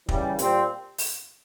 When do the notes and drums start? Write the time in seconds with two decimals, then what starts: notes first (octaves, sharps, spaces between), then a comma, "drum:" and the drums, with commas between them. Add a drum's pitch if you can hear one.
0.09 C#3 E3 G3, drum: kick
0.39 A#2 G3 C4, drum: hi-hat
0.98 drum: open hi-hat